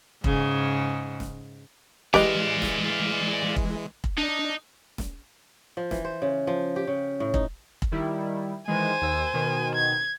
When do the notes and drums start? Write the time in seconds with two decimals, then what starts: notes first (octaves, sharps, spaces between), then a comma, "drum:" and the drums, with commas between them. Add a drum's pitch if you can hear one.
0.24 G#2 C#3, drum: kick
1.20 drum: snare
2.14 E3 G#3 G4 B4 D5 D#5 F5, drum: snare
2.62 drum: snare
3.56 drum: kick
4.04 drum: kick
4.18 D4 D#4
4.98 drum: snare
5.77 F3
5.91 E3, drum: snare
6.04 C5
6.22 C#3
6.47 F3
6.76 G4
6.87 C#3
7.20 A2
7.34 D#4, drum: kick
7.82 drum: kick
7.92 D#3 G3 E4
8.68 D#3 E3 G#3 C5 G#5
9.02 D#2 A#3 E6
9.33 B2 D#3
9.75 G#6